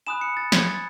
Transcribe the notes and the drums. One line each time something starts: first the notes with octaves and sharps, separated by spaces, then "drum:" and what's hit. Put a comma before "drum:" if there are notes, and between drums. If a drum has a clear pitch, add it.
G#5 B5 D#6 F#6 E7
C#7
A6
G#6, drum: snare
A6